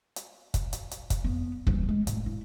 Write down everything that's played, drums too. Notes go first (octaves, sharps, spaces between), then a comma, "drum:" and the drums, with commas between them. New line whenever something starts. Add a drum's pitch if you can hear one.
drum: hi-hat
drum: kick, hi-hat
drum: hi-hat
drum: hi-hat
drum: kick, hi-hat
F2 B3
D#1 E3, drum: kick
G#3
A2, drum: hi-hat
E4